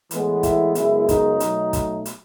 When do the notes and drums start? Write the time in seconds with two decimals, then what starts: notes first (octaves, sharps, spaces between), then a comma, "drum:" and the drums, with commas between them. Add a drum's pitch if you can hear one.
0.11 A2 E3 G#3 B3, drum: hi-hat
0.43 E4, drum: kick, hi-hat
0.75 F#2 C#3 G#3 B3 E4, drum: hi-hat
1.09 D#4, drum: kick, hi-hat
1.40 B2 F#3 A3, drum: hi-hat
1.73 drum: kick, hi-hat
2.05 drum: hi-hat